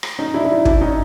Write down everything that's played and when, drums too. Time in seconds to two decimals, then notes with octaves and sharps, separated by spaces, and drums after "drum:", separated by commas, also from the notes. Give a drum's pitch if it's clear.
0.03 drum: rim click
0.19 C#4 D#4
0.34 D4 E4
0.44 D4 E4
0.65 D4 E4, drum: kick
0.81 C#4 D#4